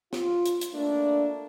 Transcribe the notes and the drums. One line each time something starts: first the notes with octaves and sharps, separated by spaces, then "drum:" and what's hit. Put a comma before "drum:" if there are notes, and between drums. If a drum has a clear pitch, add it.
F4, drum: snare
drum: hi-hat
drum: hi-hat
A3 A#3 D4